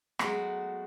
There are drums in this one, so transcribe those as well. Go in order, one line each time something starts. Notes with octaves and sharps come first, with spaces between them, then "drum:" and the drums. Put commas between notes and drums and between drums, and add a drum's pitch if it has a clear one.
F#3 G#3 A3 B3 F#4, drum: rim click